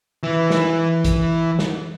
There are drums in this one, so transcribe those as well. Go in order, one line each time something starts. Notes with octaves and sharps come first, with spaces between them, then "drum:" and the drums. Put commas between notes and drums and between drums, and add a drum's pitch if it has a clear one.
E3 E4
drum: snare
drum: kick, hi-hat
drum: snare